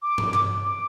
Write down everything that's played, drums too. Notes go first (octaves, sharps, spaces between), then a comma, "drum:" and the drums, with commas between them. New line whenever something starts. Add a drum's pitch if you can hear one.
D6
drum: tom G2
drum: clap
D6